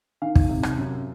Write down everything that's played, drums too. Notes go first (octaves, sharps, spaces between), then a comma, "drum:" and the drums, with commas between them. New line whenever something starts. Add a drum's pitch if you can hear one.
D#3 F5
drum: kick
C3
drum: rim click
F#2